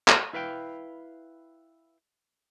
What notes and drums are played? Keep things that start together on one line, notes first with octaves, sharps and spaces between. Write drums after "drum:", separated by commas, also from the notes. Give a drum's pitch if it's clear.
drum: clap
E4 B4 F5 G5